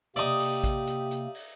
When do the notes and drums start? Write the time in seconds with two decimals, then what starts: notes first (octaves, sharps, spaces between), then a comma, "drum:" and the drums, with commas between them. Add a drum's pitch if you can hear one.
0.16 C3 A#3 D#4 G4 D5 E5 D#6, drum: hi-hat
0.40 drum: open hi-hat
0.64 drum: kick A1, hi-hat
0.87 drum: hi-hat
1.11 drum: hi-hat
1.35 drum: open hi-hat